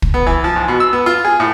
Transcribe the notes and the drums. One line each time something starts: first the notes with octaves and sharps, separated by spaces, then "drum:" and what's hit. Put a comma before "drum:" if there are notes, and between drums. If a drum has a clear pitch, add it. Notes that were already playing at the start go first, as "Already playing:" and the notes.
drum: kick
B3
E3
F3
G#2
B2
E6
B3
F4
G#4
A2